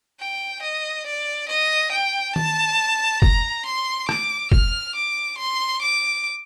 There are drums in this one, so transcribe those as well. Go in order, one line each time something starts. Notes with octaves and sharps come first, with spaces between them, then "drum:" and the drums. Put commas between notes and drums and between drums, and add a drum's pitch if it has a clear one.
G5
D#5
D5
D#5
G5
A5, drum: tom D#3
A#5, drum: kick
C6
D6, drum: rim click
F6, drum: kick
D6
C6
D6